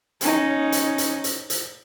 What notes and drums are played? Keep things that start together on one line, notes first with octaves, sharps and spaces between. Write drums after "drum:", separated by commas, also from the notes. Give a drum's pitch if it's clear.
C#4 D#4, drum: hi-hat
drum: hi-hat
drum: hi-hat
drum: hi-hat
drum: hi-hat